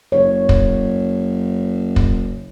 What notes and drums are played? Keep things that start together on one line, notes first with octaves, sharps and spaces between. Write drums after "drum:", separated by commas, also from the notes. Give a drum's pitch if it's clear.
F#1 C#5
drum: kick
drum: kick